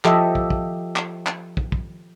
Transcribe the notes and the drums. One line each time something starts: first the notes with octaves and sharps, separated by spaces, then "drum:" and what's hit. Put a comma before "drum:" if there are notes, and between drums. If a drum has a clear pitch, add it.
F3 G4 A4 D#5 E5, drum: clap
drum: kick
drum: kick
drum: clap
drum: clap
drum: kick
drum: kick